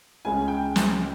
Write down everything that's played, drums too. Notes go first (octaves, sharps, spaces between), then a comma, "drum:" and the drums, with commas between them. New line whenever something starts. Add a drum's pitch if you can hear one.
C#2 C#3 G#3 C#4 G#5
G5
drum: snare